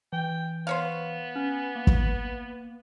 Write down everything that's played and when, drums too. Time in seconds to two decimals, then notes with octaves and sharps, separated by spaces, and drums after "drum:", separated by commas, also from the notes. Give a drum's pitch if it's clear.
0.13 E3 G5
0.67 B3 C5 C#5 F5
1.36 C#4
1.75 A#3
1.87 drum: kick